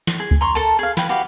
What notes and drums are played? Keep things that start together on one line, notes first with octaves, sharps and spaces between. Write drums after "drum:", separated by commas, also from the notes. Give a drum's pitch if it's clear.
drum: snare
G#4
drum: kick C#2
A#5 C6 C#6
A4 A#4 A5
G#4 F5
B4 G5, drum: snare
F#4 G4 B4 F5